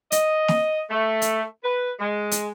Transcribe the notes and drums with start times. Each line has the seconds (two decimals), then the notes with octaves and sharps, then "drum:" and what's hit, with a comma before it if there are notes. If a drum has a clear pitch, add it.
0.12 D#5, drum: hi-hat
0.48 drum: snare
0.90 A3
1.22 drum: hi-hat
1.63 B4
1.99 G#3
2.31 drum: hi-hat